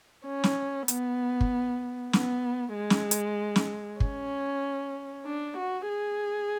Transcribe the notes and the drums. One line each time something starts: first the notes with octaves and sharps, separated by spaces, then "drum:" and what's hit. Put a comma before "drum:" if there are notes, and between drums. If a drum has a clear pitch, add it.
C#4
drum: snare
B3, drum: hi-hat
drum: kick
B3, drum: snare
G#3
drum: snare
drum: hi-hat
drum: snare
C#4, drum: kick
D4
F#4
G#4